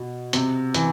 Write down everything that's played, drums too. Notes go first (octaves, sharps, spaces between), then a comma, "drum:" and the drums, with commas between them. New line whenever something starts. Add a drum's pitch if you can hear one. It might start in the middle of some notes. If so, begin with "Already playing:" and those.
Already playing: B2
C3, drum: hi-hat
E3, drum: hi-hat